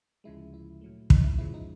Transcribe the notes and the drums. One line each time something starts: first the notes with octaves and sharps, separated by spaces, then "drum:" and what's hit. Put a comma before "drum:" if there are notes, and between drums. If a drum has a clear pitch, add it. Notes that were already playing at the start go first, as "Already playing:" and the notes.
D2 C#3 F3 G#3 E4
E4
A#2 F#3 A3
D#4, drum: kick
E4
F#2 C#3 F3 G#3 E4
D#4